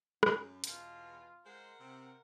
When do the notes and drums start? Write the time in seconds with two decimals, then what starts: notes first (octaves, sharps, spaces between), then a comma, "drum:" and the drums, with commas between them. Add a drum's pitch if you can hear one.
0.23 F#2, drum: rim click
0.64 E2 B2 F4, drum: hi-hat
1.45 G#3 A#4 C5 F#5
1.79 C3